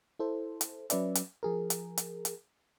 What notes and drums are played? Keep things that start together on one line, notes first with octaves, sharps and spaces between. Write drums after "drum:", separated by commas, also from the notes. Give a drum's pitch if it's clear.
E4 A4 C5
drum: hi-hat
F#3 C#4 B4 D5 E5, drum: hi-hat
drum: hi-hat
F3 G#4 A#4
drum: hi-hat
drum: hi-hat
drum: hi-hat